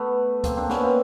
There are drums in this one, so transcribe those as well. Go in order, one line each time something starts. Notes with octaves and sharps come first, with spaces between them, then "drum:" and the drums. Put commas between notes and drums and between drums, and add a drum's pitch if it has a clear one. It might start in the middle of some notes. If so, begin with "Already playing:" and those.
Already playing: A3 B3
A#3 C4, drum: kick D2, hi-hat
C4 D4
B3 C#4, drum: snare
A#3 C4